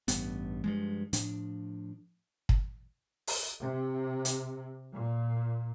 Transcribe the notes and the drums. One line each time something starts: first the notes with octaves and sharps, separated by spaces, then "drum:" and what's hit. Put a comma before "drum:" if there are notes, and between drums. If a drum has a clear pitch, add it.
A1 G2 B3, drum: hi-hat
G2 F3 G#3
A2 F3 D4, drum: hi-hat
drum: kick
drum: open hi-hat
C3
drum: hi-hat
A#2